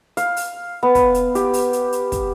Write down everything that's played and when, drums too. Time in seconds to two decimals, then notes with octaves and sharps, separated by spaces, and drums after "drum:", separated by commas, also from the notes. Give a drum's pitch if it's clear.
0.17 F5, drum: hi-hat
0.37 drum: open hi-hat
0.83 B3
0.95 drum: kick, hi-hat
1.14 drum: hi-hat
1.35 G4, drum: hi-hat
1.53 drum: open hi-hat
1.73 drum: hi-hat
1.92 drum: hi-hat
2.12 drum: kick, hi-hat